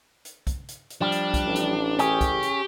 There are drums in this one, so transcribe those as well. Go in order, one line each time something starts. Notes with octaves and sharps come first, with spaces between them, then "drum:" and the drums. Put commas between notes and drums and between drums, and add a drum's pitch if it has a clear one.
drum: hi-hat
drum: kick, hi-hat
drum: hi-hat
drum: hi-hat
F3 G3 D4
drum: hi-hat
drum: kick, hi-hat
A1
drum: hi-hat
C#4 G4 G#4, drum: hi-hat
drum: kick, hi-hat
drum: hi-hat